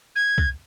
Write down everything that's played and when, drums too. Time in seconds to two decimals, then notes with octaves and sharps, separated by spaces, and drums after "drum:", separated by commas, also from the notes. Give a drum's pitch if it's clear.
0.15 G#6
0.38 drum: kick